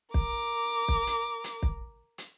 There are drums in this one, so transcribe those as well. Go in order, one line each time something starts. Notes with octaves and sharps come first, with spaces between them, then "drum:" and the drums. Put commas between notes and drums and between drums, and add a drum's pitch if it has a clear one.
A#4 D6, drum: kick
drum: kick
drum: hi-hat
drum: hi-hat
drum: kick
drum: hi-hat